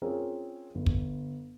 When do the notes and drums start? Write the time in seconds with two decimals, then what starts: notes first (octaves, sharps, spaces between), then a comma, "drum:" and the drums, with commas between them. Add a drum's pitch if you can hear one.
0.02 C4 C#4 F4 G#4 A#4
0.75 G1
0.86 drum: kick